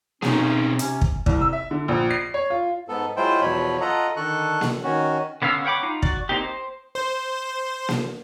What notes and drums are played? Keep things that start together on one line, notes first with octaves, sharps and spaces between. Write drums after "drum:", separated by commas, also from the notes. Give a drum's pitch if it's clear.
B2 C4 C#4 D#4 G#4, drum: snare A#3
C3 C#4, drum: hi-hat
drum: kick
C2, drum: kick
E6
E5
D3
A#1
C7
C#5
F4
G#2 B3 A4
F#3 G#3 E4 F4 C5 G5
E2 B2 F3 F#3 C#5 B5
F4 A4 D#5 F#5 A#5
D3 D#3 A4 C#6 F#6
drum: snare A#3
D#3 C#4 F#4
D3 B3 C#4 F5 E6
C#5 F#5 G5 B5 D6
D#4 F4
F#4 D5, drum: kick
A#3 C4 D#4 G4
C5
C5
drum: snare A#3